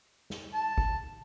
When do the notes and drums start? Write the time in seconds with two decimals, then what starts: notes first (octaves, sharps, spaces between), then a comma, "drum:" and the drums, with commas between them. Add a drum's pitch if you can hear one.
0.30 drum: snare
0.54 A5
0.78 drum: kick